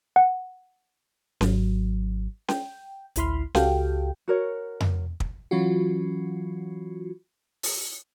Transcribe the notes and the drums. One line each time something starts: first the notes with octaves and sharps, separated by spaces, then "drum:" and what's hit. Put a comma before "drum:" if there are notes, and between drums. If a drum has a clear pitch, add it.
F#5
G#1 F#3, drum: snare C#4
G5, drum: snare C#4
A1 D2 E4 B5 C6 F6, drum: hi-hat
C#2 F#4 G4 A4 F5 G5, drum: snare C#4
F#4 A#4 C#5
drum: tom F2
drum: kick
E3 F#3 C#4 F4 F#4
drum: open hi-hat